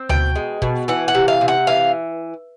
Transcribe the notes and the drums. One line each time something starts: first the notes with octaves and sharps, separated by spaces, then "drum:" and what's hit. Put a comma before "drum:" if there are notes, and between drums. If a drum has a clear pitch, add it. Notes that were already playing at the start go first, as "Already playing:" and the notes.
Already playing: C4
B2 G5, drum: tom D2
G#3
B2, drum: kick
E3 F#5
F#5
C3
F5
C3
F#5
E3 F5